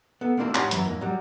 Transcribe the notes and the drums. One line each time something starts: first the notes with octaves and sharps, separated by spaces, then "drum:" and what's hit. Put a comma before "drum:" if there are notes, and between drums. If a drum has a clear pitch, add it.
B3 A4
A3 A#3 C4 D4 E4 F#4
G#2 G4 C#5 F5 F#5 C6, drum: clap
F#2 E3 F#3 B5, drum: hi-hat
F2 G#2 A#3
F#3 G3